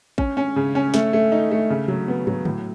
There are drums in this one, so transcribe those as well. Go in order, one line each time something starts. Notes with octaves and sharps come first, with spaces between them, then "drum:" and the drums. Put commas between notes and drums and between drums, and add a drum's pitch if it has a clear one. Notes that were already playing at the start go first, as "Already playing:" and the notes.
C#4, drum: kick A1
C#4
C#3
C#4
A3, drum: snare
A3
D#4
A3
C#3
F#3, drum: tom
B3
F#3, drum: tom
A2, drum: tom